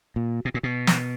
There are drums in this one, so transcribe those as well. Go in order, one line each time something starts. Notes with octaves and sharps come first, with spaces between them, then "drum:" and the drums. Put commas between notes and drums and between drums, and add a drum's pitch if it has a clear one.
A#2
B2
A#2
B2
drum: snare